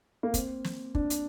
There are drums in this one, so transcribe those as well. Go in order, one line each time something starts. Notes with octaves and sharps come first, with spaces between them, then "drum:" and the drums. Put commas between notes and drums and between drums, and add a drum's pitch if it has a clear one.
A#3
C4, drum: kick, hi-hat
drum: snare
D4, drum: kick
drum: hi-hat